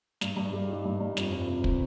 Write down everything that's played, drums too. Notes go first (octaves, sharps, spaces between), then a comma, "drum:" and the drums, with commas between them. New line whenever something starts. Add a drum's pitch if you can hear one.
G2, drum: snare
G2
G4
D#4
G2
G2
F2, drum: snare
F2
C3
drum: kick